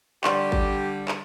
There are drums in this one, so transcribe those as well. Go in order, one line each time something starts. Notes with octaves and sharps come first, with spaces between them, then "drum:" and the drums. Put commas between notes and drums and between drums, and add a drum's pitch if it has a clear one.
D3 G3 G4 D5 C6 C#6, drum: clap
drum: kick G#1
drum: clap